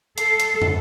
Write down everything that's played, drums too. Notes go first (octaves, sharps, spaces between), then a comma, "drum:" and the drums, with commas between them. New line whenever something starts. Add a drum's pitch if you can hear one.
A4 C7, drum: hi-hat
drum: hi-hat
drum: tom